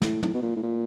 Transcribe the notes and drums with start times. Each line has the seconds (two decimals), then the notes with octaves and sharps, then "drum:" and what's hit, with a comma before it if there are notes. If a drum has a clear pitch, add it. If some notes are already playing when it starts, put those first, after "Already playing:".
0.02 A2, drum: snare
0.23 A2, drum: tom
0.34 B2
0.42 A#2
0.56 A2
0.63 A#2